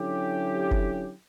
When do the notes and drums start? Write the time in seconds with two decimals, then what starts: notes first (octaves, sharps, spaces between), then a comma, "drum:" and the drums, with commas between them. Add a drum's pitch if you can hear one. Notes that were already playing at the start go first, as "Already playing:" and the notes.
Already playing: D3 F#3 C#4 E4 G4
0.71 drum: kick F#1